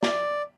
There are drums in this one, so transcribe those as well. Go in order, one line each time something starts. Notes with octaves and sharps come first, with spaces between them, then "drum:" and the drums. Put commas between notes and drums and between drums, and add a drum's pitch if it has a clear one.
D5, drum: snare